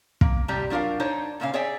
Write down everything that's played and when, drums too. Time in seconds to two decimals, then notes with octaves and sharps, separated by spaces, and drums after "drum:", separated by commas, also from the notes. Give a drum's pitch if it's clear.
0.21 A#3, drum: kick
0.48 A2 C3 G3 G4 A#5
0.70 F#3 D4 F4 G4 A#4 F5
1.00 D4 D#4 C5 C#5
1.40 A#2 C#3 A#3 C#4 F4 F5
1.54 G#4 C#5 D5 E5 G5 G#5